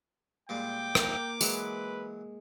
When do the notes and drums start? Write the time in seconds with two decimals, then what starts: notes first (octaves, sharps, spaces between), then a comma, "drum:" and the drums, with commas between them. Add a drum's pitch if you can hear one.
0.49 A#2 G3 G#3 G5 D6
0.95 A#3, drum: rim click
1.41 E3 F#3 G#3 B4, drum: tambourine